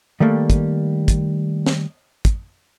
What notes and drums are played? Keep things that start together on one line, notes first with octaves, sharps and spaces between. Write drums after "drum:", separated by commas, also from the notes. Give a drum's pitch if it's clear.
D#3 G3 A3 A#3
drum: kick, hi-hat
drum: kick, hi-hat
drum: snare
drum: kick, hi-hat